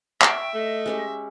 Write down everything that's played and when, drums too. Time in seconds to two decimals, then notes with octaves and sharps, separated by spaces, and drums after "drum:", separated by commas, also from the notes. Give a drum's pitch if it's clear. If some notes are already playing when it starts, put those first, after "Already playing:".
0.21 E5 G5 C#6, drum: clap
0.54 A3 D#5
0.86 G#3 C#4 G4